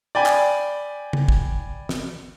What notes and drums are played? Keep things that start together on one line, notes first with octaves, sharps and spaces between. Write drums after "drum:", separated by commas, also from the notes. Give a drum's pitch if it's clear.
D5 G5 G#5 B5
drum: clap
drum: tom
drum: kick
drum: snare